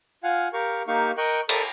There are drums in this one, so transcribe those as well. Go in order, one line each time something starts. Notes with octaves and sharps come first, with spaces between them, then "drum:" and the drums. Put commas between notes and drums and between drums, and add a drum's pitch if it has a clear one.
F4 F5 F#5 G#5
G4 A#4 F5 C#6
A#3 D#4 G4 F5 C#6
A#4 D#5 G5 C#6 F#6
A4 A#4 D5 B5 C#6 D#6, drum: cymbal